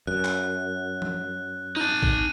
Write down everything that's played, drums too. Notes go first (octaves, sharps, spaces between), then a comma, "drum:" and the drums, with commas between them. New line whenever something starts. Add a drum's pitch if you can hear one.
F#2 F#6
drum: clap
drum: tom
D#4 A5 F#6 D#7
drum: kick